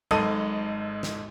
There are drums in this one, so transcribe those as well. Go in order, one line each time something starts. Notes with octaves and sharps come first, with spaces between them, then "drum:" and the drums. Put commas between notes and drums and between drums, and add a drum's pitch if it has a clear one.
G#1 G#2 A4 D#5 D#6 D#7, drum: tom F#3
drum: snare